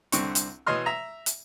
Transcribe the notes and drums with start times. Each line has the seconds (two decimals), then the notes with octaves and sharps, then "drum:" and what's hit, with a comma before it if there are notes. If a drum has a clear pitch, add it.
0.12 C2 D3 C4 C#6, drum: hi-hat
0.35 drum: hi-hat
0.67 B2 E3 C#5 D#5 C6 F6
0.86 E5 A#5
1.26 drum: hi-hat